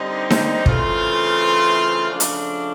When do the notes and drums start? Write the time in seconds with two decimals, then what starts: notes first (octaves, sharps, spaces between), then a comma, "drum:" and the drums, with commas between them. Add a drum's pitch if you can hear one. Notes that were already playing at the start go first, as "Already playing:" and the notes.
Already playing: D3 G3 C4 D#4
0.30 drum: snare D#4
0.66 C#3 E3 A3 C4 F4, drum: kick
2.11 C#3 F3 A3 D4
2.20 drum: hi-hat